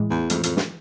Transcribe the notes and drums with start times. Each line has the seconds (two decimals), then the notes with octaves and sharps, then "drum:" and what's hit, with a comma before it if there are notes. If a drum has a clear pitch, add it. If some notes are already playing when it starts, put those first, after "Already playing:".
Already playing: A2 E3 G#3
0.10 E2
0.30 F2 A2 E3 G#3, drum: hi-hat
0.43 F2, drum: hi-hat
0.57 drum: snare